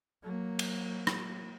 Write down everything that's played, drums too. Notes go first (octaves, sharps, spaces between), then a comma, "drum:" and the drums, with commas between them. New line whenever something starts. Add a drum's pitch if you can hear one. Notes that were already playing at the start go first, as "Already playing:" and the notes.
F#3 A#3
drum: cymbal
drum: rim click